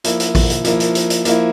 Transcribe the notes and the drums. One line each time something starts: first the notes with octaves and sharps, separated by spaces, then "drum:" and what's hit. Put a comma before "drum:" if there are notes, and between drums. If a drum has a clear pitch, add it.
F3 A#3 E4, drum: hi-hat
drum: hi-hat
drum: kick A1, open hi-hat
drum: hi-hat
F3 A#3 E4, drum: hi-hat
drum: hi-hat
drum: hi-hat
drum: hi-hat
F3 A#3 E4, drum: hi-hat